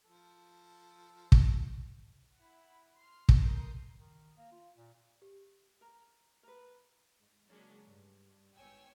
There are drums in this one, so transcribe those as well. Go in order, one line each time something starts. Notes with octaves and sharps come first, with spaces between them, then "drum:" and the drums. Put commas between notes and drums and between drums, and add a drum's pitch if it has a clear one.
F3 A4
drum: kick
E4 F#5
C6 F6
drum: kick
A4 A#4 C6 D#6 G6
D#3
A#3
F4
A#2
G4
A#4
A#4 B4
G#2
C#3 F#3 G#3 A#3 C#4 D4
G2
G#1 B3 C#5 G5 G#5 E6